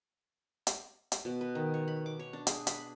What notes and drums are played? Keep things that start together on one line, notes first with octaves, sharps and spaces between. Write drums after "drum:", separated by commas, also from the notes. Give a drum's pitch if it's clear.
drum: hi-hat
drum: hi-hat
B2
B4
D#3
C#5
B5
D6
C#5
D4
G#4, drum: hi-hat
B5, drum: hi-hat